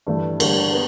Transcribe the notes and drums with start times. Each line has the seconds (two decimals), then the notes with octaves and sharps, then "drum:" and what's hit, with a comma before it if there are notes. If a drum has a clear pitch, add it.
0.07 G2 E3 A3
0.40 G2 D3 G3 A#3, drum: cymbal
0.73 B3